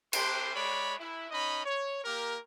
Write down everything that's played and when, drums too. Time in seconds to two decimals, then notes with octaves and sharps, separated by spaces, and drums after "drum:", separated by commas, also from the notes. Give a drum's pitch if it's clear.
0.13 C4 G4 C5 C6, drum: cymbal
0.55 G#3 C#5 D5 B5
0.99 E4
1.31 C#4 D#4 D#5 B5
1.65 C#5
2.04 A#3 G4 A#4